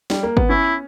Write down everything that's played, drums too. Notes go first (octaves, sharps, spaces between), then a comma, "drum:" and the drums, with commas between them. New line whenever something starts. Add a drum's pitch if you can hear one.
G3, drum: snare D4
A#3
B3, drum: kick
C#4 E4